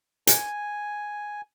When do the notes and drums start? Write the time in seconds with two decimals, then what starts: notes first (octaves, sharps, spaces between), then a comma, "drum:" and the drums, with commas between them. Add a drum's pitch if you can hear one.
0.27 G#5, drum: hi-hat